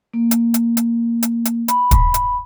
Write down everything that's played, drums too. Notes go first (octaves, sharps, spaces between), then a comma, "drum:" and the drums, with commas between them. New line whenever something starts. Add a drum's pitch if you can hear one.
A#3
drum: hi-hat
drum: hi-hat
drum: hi-hat
drum: hi-hat
drum: hi-hat
B5, drum: hi-hat
drum: kick, hi-hat
drum: hi-hat